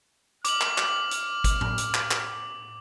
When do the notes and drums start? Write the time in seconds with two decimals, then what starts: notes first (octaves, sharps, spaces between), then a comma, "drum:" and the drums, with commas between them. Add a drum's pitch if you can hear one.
0.45 D6 F6 F#7, drum: hi-hat
0.61 drum: clap
0.78 drum: clap
1.11 drum: hi-hat
1.44 drum: kick, hi-hat
1.61 drum: tom A2
1.78 drum: hi-hat
1.94 drum: clap
2.11 drum: clap